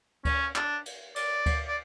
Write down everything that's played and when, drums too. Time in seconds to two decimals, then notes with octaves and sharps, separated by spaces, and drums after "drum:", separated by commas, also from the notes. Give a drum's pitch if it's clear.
0.25 C#4, drum: kick D2, cymbal
0.56 D4, drum: clap
0.86 drum: cymbal
1.16 D5, drum: cymbal
1.46 drum: kick D2, cymbal
1.68 D5